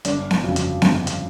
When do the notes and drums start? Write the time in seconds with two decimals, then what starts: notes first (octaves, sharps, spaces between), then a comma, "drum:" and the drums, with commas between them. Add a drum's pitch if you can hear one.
0.05 G1 D4, drum: hi-hat
0.31 drum: snare B3
0.44 F2 C#3 F#3
0.56 drum: hi-hat
0.82 G1 C4, drum: snare B3
1.07 drum: hi-hat